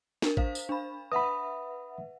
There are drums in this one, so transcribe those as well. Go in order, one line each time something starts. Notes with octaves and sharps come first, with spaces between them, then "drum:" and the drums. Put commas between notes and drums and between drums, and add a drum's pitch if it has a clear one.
D4 A#4, drum: snare
C5 F5, drum: kick A1
drum: tambourine
D4 B5
B4 E5 F#5 B5 D#6